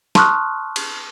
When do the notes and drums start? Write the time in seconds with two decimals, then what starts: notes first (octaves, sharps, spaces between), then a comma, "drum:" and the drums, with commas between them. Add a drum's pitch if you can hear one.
0.15 A5 C6 C#6 D#6 F6 F#6, drum: snare
0.76 drum: cymbal